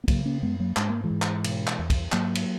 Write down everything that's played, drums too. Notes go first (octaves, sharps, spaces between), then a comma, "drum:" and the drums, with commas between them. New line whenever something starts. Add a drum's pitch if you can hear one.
B3
C#3 F#3 A#3, drum: kick, cymbal
A#3 C#4
F#2 G#3 B3
F#3 A#3
G#2 G#3, drum: clap
A#3
E3 G#3
G#2
drum: clap
B2, drum: cymbal
drum: clap
E2
drum: kick, cymbal
G#2 F#3 A#3, drum: clap
drum: cymbal